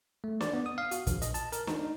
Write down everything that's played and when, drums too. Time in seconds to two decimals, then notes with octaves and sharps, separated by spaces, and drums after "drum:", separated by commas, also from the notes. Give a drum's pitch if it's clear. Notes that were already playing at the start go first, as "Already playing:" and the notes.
0.24 A3
0.41 D5, drum: snare
0.53 B3
0.66 D#6
0.78 F5
0.91 F#4, drum: hi-hat
1.07 A#1, drum: kick, hi-hat
1.22 D#5, drum: hi-hat
1.34 A5, drum: hi-hat
1.52 A#4, drum: hi-hat
1.67 D#4, drum: snare
1.82 D#4